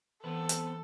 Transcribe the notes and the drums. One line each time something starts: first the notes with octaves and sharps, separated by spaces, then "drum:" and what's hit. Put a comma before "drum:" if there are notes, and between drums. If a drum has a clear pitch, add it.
E3 B3 C4 A4 B4
drum: hi-hat